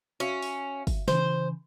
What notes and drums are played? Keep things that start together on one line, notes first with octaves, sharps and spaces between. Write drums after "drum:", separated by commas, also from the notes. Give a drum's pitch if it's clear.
C#4 F#4 E5 F5
drum: open hi-hat
drum: kick, open hi-hat
C#3 E3 C5, drum: snare